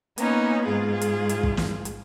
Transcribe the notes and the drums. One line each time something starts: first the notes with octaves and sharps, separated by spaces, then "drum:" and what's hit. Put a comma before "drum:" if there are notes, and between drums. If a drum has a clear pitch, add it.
A#3 B3 C#4 D#4, drum: hi-hat
G#2 F4 G#4
drum: hi-hat
drum: hi-hat
drum: kick
drum: snare
drum: hi-hat